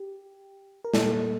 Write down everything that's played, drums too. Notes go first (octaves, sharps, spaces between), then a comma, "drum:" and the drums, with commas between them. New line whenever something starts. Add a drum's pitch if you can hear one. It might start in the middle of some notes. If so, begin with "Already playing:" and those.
Already playing: G4
A#4
A#2 G3 A#3 A4, drum: snare